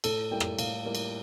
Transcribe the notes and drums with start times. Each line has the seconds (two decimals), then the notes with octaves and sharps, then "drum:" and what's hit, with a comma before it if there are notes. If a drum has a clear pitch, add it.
0.04 A2 A4, drum: cymbal
0.31 G3 A#3 E4 G5
0.40 drum: rim click
0.59 A2 F5, drum: cymbal
0.85 G3 A#3 E4
0.95 drum: cymbal